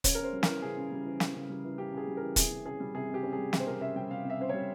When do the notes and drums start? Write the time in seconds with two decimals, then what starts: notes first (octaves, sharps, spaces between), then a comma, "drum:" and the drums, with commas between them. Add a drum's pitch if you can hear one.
0.04 C#3 C#5, drum: kick, hi-hat
0.15 A#4
0.19 C#3 C5
0.33 G3
0.43 A#4, drum: snare
0.48 E3
0.62 C#3 G#4
0.77 C#3
0.92 G3
1.05 E3
1.20 C#3, drum: snare
1.35 C#3
1.50 G3
1.64 E3
1.78 C#3 G4
1.93 C#3 G#4
2.08 G3
2.17 E3 A#4
2.36 C3 G#4, drum: kick, hi-hat
2.51 C3
2.65 C#4 G#4
2.80 G3
2.95 C3 G#4
3.10 C3 G4
3.23 C#4
3.33 G#4
3.38 G3
3.53 C3 G4, drum: snare
3.60 C5
3.67 C3 A#4
3.81 C#4 E5
3.95 G3 G5
4.10 C3 F5
4.25 C3 E5
4.40 C#4 C5
4.49 G3 C#5